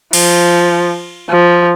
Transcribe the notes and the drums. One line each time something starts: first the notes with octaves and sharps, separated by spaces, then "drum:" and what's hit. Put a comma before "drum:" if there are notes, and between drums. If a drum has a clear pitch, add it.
F3, drum: cymbal
F3